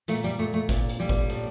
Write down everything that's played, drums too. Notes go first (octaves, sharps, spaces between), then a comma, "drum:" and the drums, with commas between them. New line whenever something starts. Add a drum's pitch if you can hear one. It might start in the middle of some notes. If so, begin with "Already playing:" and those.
A#2 A3, drum: hi-hat
G3
A#2 A3
A3
A#2, drum: kick G#1, hi-hat
drum: hi-hat
A#2 G3
drum: kick G#1
A2, drum: hi-hat